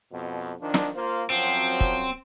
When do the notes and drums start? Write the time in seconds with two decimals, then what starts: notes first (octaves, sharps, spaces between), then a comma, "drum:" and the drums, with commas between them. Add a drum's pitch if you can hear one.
0.13 F2 B2
0.61 D#3 F3 D4
0.74 drum: snare
0.95 A#3 F4 C5
1.30 F#2 F3 F#3 C4
1.81 drum: kick